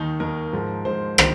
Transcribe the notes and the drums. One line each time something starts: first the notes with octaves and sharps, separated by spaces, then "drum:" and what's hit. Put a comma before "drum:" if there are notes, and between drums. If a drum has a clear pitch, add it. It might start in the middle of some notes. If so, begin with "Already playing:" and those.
Already playing: D#2 D#3 D#4
D#2 D#3 A#4
G#2 F3
G#2 F3 C5
D#3 C5, drum: rim click